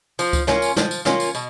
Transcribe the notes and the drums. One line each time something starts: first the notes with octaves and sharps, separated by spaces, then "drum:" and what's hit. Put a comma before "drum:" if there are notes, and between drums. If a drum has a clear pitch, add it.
F3, drum: tambourine
drum: kick C#2, tambourine
A#3 C#4 F4, drum: snare
drum: tambourine
F3, drum: snare
drum: tambourine
A#3 C#4 F4, drum: snare
drum: tambourine
B2, drum: tambourine